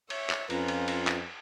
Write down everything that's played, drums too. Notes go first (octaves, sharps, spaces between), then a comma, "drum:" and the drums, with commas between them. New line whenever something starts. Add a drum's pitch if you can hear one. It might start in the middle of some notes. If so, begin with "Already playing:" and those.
C#5 E5, drum: cymbal
drum: clap
F2 C#4 F4 B4 A#5, drum: cymbal
drum: cymbal
drum: cymbal
drum: clap